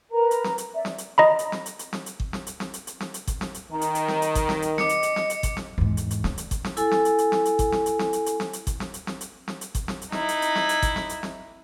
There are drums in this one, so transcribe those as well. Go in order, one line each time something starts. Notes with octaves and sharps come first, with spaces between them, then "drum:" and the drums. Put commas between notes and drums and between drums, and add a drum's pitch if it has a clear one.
A#4 B4 A#5
drum: hi-hat
drum: snare
drum: hi-hat
D5 E5
drum: snare
drum: hi-hat
D#5 A#5 B5
drum: hi-hat
drum: snare
drum: hi-hat
drum: hi-hat
drum: snare
drum: hi-hat
drum: kick G1
drum: snare
drum: hi-hat
drum: snare
drum: hi-hat
drum: hi-hat
drum: snare
drum: hi-hat
drum: kick G1, hi-hat
drum: snare
drum: hi-hat
D#3 A#5
drum: hi-hat
drum: hi-hat
drum: snare
drum: hi-hat
drum: kick G1, hi-hat
drum: snare
drum: hi-hat
D#5 D6 C#7, drum: snare
drum: hi-hat
drum: hi-hat
drum: snare
drum: hi-hat
drum: kick G1, hi-hat
drum: snare
E2 G#2
drum: hi-hat
drum: hi-hat
D4, drum: snare
drum: hi-hat
drum: kick G1, hi-hat
drum: snare
E4 A4 G#5, drum: hi-hat
drum: snare
drum: hi-hat
drum: hi-hat
drum: snare
drum: hi-hat
drum: kick G1, hi-hat
drum: snare
drum: hi-hat
drum: snare
drum: hi-hat
drum: hi-hat
drum: snare
drum: hi-hat
drum: kick G1, hi-hat
drum: snare
drum: hi-hat
drum: snare
drum: hi-hat
drum: snare
drum: hi-hat
drum: kick G1, hi-hat
drum: snare
drum: hi-hat
D#4 E4, drum: snare
drum: hi-hat
drum: hi-hat
drum: snare
drum: hi-hat
drum: kick G1, hi-hat
drum: snare
drum: hi-hat
drum: snare